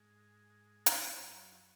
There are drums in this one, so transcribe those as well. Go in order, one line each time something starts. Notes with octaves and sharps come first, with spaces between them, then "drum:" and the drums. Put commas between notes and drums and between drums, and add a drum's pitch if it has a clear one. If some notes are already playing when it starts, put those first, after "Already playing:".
Already playing: G#2 G#3
drum: hi-hat
F#2 F#3